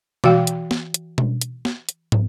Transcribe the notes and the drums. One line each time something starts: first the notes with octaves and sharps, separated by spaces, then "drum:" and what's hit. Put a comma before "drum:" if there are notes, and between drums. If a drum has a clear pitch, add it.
E3 F#4 F5 G5, drum: tom B2
drum: hi-hat
drum: snare
drum: hi-hat
drum: tom B2
drum: hi-hat
drum: snare
drum: hi-hat
drum: tom